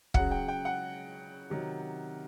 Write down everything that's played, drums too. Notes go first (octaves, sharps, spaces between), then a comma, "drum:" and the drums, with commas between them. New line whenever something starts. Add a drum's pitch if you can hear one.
C#3 F#3 F#5, drum: kick
G5
G5
F#5
C3 D#3 F#3